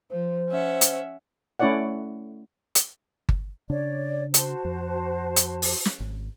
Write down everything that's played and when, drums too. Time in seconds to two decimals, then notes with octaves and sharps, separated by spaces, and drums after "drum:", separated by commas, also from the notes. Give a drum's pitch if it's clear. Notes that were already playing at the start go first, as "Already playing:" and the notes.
0.11 F3 C5
0.49 C#4 E5 F#5
0.81 drum: hi-hat
1.59 A3 C#4 E4 C#5 D5 F#5
2.75 drum: hi-hat
3.29 drum: kick G1
3.70 C#3 D4 C#5 D5
4.34 F#4 C5 A5, drum: hi-hat
4.65 F2
5.36 drum: hi-hat
5.62 drum: open hi-hat
5.85 drum: snare
6.00 G#1